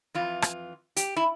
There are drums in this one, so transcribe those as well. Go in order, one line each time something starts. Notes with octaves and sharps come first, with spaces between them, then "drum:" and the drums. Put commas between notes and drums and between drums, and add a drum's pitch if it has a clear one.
F2 E3 F4
drum: rim click
G4, drum: hi-hat
E4